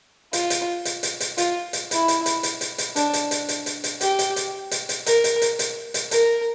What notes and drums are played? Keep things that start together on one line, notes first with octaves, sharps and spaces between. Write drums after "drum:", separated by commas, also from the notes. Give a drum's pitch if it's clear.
F4, drum: hi-hat
drum: hi-hat
drum: hi-hat
drum: hi-hat
drum: hi-hat
F4, drum: hi-hat
drum: hi-hat
E4, drum: hi-hat
drum: hi-hat
drum: hi-hat
drum: hi-hat
drum: hi-hat
drum: hi-hat
D4, drum: hi-hat
drum: hi-hat
drum: hi-hat
drum: hi-hat
drum: hi-hat
drum: hi-hat
G4, drum: hi-hat
drum: hi-hat
drum: hi-hat
drum: hi-hat
drum: hi-hat
A#4, drum: hi-hat
drum: hi-hat
drum: hi-hat
drum: hi-hat
drum: hi-hat
A#4, drum: hi-hat